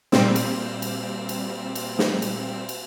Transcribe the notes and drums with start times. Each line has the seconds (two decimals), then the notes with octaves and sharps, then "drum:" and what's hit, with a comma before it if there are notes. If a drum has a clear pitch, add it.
0.12 A#2 G3 C4, drum: snare
0.36 drum: cymbal
0.82 drum: cymbal
1.29 drum: cymbal
1.75 drum: cymbal
1.99 drum: snare
2.22 drum: cymbal
2.69 drum: cymbal